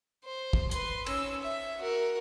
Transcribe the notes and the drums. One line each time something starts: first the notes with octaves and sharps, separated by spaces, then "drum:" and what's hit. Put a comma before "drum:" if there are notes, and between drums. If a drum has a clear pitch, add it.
C5
drum: kick
B4 C6, drum: hi-hat
C#4 E6, drum: cymbal
E5
F#4 A#4